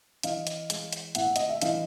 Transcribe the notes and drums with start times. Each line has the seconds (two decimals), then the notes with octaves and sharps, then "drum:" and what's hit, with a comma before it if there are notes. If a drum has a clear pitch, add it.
0.23 E3 D#5 F5, drum: hi-hat
0.47 drum: hi-hat
0.70 G#3, drum: hi-hat
0.93 drum: hi-hat
1.15 A2 E5 F#5, drum: hi-hat
1.36 D#5, drum: hi-hat
1.49 E5
1.62 E3 D#5 F5, drum: hi-hat